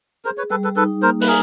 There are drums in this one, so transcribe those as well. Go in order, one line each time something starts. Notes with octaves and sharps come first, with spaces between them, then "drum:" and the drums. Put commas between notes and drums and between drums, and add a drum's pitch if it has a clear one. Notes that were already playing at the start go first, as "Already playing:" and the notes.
G#4 A#4 C5
B4 C#5
G3 A4 B4
A4 B4
D#4 A4 B4
A#3 A#4 C5
B4, drum: open hi-hat
G#4 A#4